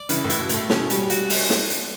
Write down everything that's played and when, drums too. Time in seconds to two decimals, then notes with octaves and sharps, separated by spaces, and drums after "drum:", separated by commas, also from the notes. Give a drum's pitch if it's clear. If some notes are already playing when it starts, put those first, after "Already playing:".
Already playing: D5
0.09 C#3 E3 B4, drum: hi-hat
0.25 A2
0.30 E4, drum: hi-hat
0.40 B2
0.49 A2 A3, drum: hi-hat
0.70 B2 C#4, drum: snare
0.90 G3, drum: hi-hat
1.10 F#4, drum: hi-hat
1.30 C#4, drum: open hi-hat
1.50 drum: snare
1.70 drum: hi-hat